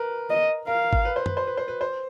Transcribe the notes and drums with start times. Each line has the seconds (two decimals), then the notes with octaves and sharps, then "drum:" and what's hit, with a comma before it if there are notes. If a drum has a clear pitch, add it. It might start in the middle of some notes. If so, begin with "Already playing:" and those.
Already playing: A#4 B4
0.30 D#5
0.67 A#4 F5
0.93 drum: kick G#1
1.05 B4
1.16 C5
1.26 B4, drum: tom F#2
1.37 C5
1.47 B4
1.57 C5
1.68 B4
1.81 C5